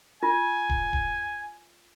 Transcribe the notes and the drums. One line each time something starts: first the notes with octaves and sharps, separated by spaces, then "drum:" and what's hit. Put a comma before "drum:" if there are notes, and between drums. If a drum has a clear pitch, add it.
F4 G#5
drum: kick D#1
drum: kick D#1